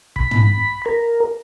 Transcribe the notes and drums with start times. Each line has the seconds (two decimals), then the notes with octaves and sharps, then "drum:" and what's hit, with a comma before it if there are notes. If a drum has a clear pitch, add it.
0.16 B5, drum: kick
0.31 drum: tom
0.86 A#4